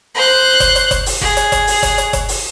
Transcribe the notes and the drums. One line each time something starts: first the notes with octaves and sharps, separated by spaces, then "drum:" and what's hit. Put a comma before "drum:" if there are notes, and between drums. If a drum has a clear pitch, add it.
C5 F#6
drum: kick F#1, hi-hat
drum: hi-hat
drum: kick F#1, hi-hat
drum: open hi-hat
G#4, drum: kick F#1
drum: hi-hat
drum: kick F#1, hi-hat
drum: open hi-hat
drum: kick F#1, hi-hat
drum: hi-hat
drum: kick F#1, hi-hat
drum: open hi-hat